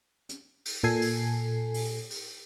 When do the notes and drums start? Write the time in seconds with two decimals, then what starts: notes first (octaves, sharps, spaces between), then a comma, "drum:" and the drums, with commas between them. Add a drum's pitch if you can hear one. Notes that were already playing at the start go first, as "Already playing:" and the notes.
0.29 drum: hi-hat
0.65 drum: open hi-hat
0.83 A#2 A4 G#5 C7
1.02 drum: open hi-hat
1.74 drum: open hi-hat
2.10 drum: open hi-hat